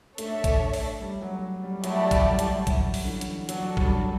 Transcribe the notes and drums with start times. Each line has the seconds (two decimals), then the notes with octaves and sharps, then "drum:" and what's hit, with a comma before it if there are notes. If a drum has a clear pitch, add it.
0.18 A3 D4 A4 C#5 E5, drum: hi-hat
0.44 A3, drum: kick, hi-hat
0.74 drum: open hi-hat
1.01 G3
1.22 F#3
1.63 G3
1.84 F#3 A3 E4 G4 D5 A5, drum: hi-hat
2.11 drum: kick, hi-hat
2.25 G3
2.39 drum: hi-hat
2.67 F#3, drum: kick, hi-hat
2.94 drum: open hi-hat
3.04 D3
3.08 E3
3.21 drum: hi-hat
3.49 F#3 D4 F#4 A4, drum: hi-hat
3.77 G3, drum: kick